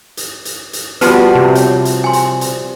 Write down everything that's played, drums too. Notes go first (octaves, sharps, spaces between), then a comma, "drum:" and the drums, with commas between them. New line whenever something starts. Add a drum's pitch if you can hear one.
drum: hi-hat
drum: hi-hat
drum: hi-hat
F3 G3 B3 F#4 B4 A5 C6, drum: hi-hat
C3
C#5, drum: hi-hat
drum: hi-hat
G#5 C6
drum: hi-hat
drum: hi-hat